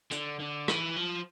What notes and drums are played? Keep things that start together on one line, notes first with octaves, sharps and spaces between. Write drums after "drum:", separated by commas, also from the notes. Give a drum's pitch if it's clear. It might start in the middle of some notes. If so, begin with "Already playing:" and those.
D3, drum: hi-hat
D3
E3, drum: rim click
F3